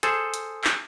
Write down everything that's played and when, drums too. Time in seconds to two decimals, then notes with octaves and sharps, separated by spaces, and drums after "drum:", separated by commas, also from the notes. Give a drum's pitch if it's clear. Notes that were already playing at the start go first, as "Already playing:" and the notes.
0.03 G#4 A4 C5, drum: hi-hat
0.34 drum: hi-hat
0.64 drum: clap